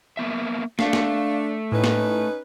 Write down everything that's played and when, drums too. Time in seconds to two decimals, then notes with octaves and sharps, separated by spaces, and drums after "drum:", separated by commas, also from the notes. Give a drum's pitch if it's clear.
0.17 A#3 B3 E5
0.79 A3 D4 F5, drum: snare
0.93 drum: snare
1.72 A2 C#4 D#4 B4
1.84 drum: snare